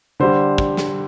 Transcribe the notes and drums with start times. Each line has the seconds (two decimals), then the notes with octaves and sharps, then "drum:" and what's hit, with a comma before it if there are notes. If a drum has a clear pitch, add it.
0.20 D3 G3 D4 C5
0.58 drum: kick
0.77 drum: snare